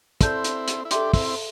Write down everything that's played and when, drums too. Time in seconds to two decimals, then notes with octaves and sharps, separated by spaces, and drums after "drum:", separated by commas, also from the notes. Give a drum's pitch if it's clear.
0.21 C4 E4 A4 D5 A5 C6 G6, drum: kick, hi-hat
0.44 drum: hi-hat
0.68 drum: hi-hat
0.85 E4
0.91 D4 G4 A4 E5 C6, drum: hi-hat
1.14 C4 E4, drum: kick, open hi-hat